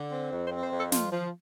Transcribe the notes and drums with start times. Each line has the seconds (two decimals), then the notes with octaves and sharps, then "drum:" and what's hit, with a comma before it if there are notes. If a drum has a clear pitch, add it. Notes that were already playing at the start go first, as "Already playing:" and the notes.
Already playing: D3
0.11 C4
0.32 F2
0.47 C5
0.52 C4
0.62 C5
0.72 F2
0.78 A4
0.92 F3 F4, drum: snare
1.12 F3